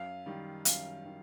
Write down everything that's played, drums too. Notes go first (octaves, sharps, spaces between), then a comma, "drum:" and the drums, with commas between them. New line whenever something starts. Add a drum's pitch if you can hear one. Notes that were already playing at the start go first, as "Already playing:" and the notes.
Already playing: F#2 F5
D#3 G3
F#2 F5, drum: hi-hat
D#3